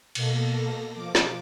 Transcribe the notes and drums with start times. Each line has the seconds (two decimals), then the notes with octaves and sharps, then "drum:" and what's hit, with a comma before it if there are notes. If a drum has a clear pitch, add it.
0.15 B2 A#3 A4 A#6, drum: cymbal
0.92 F3 D6
1.15 drum: snare